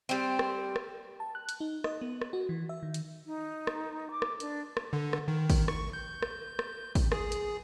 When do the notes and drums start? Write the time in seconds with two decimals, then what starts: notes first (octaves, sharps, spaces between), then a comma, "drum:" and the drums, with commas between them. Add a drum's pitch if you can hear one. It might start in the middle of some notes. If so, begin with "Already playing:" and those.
0.09 G3 C4
0.39 drum: rim click
0.76 drum: rim click
1.20 A5
1.35 F#6
1.49 drum: hi-hat
1.60 D#4
1.84 D#5, drum: rim click
2.01 B3
2.21 drum: rim click
2.33 F#4
2.49 E3
2.69 E5
2.83 D#3
2.94 drum: hi-hat
3.26 D#4
3.67 drum: rim click
4.11 D6
4.22 drum: rim click
4.40 D4, drum: hi-hat
4.77 drum: rim click
4.93 D3
5.13 drum: rim click
5.28 D#3
5.50 drum: kick, open hi-hat
5.68 C#6, drum: rim click
5.93 G6
6.22 drum: rim click
6.59 drum: rim click
6.95 drum: kick, open hi-hat
7.12 G#4, drum: rim click
7.32 drum: hi-hat